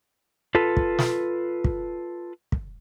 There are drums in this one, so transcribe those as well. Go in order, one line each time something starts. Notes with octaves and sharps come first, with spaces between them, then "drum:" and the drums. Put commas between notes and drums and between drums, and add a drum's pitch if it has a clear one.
F4 A4 B4
drum: kick
drum: snare
drum: kick
drum: kick